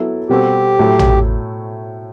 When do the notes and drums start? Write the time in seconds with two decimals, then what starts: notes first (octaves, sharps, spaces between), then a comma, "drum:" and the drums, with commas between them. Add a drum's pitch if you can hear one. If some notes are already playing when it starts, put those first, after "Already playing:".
Already playing: F#3 B3 E4 A4
0.29 B2 G3 C4 F#4 G4 A4
0.79 A2 F#3 A3
0.99 drum: tom